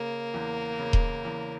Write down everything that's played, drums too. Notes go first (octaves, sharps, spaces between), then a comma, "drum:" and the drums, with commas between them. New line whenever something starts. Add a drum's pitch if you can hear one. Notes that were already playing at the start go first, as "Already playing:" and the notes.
Already playing: C#3 A#3
E2
C#3
drum: kick D#1
E2